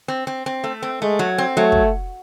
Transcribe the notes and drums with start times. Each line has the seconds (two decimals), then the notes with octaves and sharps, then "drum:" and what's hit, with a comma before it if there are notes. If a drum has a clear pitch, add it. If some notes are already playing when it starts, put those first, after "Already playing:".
0.08 C4
0.27 C4
0.46 C4
0.64 A3
0.82 C4
1.02 G#3 A3
1.19 F#3
1.38 C4
1.57 F#3 A3
1.72 drum: kick